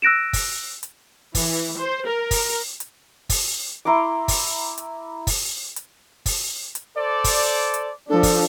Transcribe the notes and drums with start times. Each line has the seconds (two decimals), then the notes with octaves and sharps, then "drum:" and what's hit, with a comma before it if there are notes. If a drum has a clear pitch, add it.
0.02 E6 F#6 A#6 D7 E7
0.33 drum: kick, open hi-hat
0.83 drum: hi-hat
1.35 E3, drum: kick, open hi-hat
1.78 C5
2.06 A#4
2.31 drum: kick, open hi-hat
2.80 drum: hi-hat
3.29 drum: kick, open hi-hat
3.85 E4 A#5 C6 D6
4.28 drum: kick, open hi-hat
4.78 drum: hi-hat
5.27 drum: kick, open hi-hat
5.76 drum: hi-hat
6.26 drum: kick, open hi-hat
6.75 drum: hi-hat
6.98 A4 C5 D5
7.24 drum: kick, open hi-hat
7.74 drum: hi-hat
8.09 F3 D4 A4
8.23 drum: kick, open hi-hat